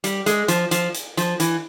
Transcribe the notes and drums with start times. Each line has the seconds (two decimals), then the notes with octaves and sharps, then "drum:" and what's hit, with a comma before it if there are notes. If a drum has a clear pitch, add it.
0.04 G3, drum: hi-hat
0.26 G#3, drum: hi-hat
0.48 F3, drum: hi-hat
0.71 F3, drum: hi-hat
0.94 drum: hi-hat
1.17 F3, drum: hi-hat
1.40 E3, drum: hi-hat